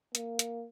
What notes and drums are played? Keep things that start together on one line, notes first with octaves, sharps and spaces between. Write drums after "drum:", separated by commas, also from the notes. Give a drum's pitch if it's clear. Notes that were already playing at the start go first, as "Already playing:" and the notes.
A#3, drum: hi-hat
drum: hi-hat